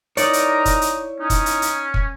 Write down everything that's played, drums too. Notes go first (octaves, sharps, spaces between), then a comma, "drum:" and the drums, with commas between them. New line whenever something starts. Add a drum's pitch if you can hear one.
D#4 E4 A#4 C#5 D5, drum: hi-hat
drum: hi-hat
drum: kick, hi-hat
drum: hi-hat
C#4 D#4
drum: kick, hi-hat
drum: hi-hat
drum: hi-hat
drum: kick